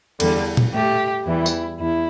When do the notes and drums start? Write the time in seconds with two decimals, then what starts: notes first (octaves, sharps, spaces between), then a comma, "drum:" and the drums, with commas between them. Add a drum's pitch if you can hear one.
0.20 E2 D3 G3, drum: cymbal
0.57 drum: tom A#2
0.73 A2 A3 G4
1.26 E2 E3 G3 E4
1.46 drum: tambourine
1.80 E2 E4